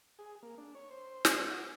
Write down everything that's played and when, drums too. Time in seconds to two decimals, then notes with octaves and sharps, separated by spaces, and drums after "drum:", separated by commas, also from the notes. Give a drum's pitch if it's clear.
0.19 G#4
0.43 A#3
0.58 D4
0.75 C#5
0.91 C5
1.25 drum: snare
1.48 F#4